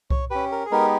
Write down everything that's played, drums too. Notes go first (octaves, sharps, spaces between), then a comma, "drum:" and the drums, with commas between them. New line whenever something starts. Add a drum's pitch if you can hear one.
C#5, drum: kick C2
C#4 G4 B4
A#4
G#4
G#3 B3 D#4 G4 A#4